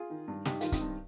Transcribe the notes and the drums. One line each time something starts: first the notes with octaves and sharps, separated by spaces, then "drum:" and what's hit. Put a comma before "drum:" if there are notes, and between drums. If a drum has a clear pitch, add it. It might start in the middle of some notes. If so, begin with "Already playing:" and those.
Already playing: F4 G#4
D#3
G2
G2 D#4 G4, drum: snare
D#3 F4, drum: hi-hat
C4 D#4, drum: kick, hi-hat
G2